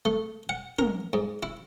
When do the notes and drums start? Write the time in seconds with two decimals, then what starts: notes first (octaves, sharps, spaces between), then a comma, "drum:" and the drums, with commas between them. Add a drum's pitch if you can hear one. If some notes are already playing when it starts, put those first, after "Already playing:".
0.05 A3
0.49 F#5
0.79 A#4, drum: tom
1.13 G#2
1.43 E4